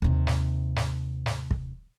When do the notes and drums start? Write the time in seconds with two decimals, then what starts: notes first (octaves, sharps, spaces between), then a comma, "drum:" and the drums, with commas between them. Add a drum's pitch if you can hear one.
0.02 D#2 C3
0.27 drum: snare
0.76 drum: snare
1.26 drum: snare
1.51 drum: kick